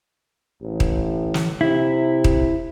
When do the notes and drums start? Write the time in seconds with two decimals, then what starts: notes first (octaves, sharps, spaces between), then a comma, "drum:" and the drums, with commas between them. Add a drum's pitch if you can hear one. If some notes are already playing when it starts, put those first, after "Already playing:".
0.62 A1
0.80 drum: kick D#1
1.34 drum: snare
1.61 C3 E4
2.24 drum: kick D#1